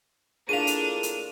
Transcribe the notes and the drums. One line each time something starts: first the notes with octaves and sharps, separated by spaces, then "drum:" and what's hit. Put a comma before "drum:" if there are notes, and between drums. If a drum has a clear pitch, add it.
A2 A#3 D4 F4 G#4 F5 D#7 F7
drum: hi-hat
drum: hi-hat